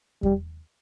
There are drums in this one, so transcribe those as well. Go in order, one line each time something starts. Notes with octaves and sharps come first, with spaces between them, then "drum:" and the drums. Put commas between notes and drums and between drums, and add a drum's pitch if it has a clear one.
G3, drum: kick E2